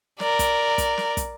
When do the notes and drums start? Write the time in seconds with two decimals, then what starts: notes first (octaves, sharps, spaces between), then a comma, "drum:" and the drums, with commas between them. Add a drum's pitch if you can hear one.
0.20 A#4 D5, drum: snare
0.39 drum: kick, hi-hat
0.78 drum: kick, hi-hat
0.98 drum: snare
1.17 drum: kick, hi-hat